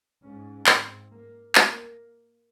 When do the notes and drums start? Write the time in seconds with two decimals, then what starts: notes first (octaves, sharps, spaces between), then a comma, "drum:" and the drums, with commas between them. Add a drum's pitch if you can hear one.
0.22 G#2 C#4
0.67 C4, drum: clap
1.11 A#3
1.55 A#3, drum: clap